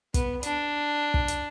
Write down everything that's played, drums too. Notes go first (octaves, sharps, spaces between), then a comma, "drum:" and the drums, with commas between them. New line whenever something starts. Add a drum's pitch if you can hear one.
B3, drum: kick, hi-hat
D4, drum: hi-hat
drum: kick
drum: hi-hat